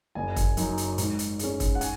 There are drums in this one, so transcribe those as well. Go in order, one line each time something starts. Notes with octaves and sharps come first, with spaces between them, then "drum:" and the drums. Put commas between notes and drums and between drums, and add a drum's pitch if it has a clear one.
F#1 G#5
drum: kick, hi-hat
F#2 F#3 D#4, drum: hi-hat
drum: hi-hat
G#2, drum: hi-hat
drum: hi-hat
G#3 C#4, drum: hi-hat
drum: kick, hi-hat
F#5
G#5, drum: hi-hat